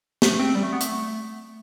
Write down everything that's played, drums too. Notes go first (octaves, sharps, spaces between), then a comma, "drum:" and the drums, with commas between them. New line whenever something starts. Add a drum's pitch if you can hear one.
A3, drum: snare
C4
G3
A3
B3
A3, drum: hi-hat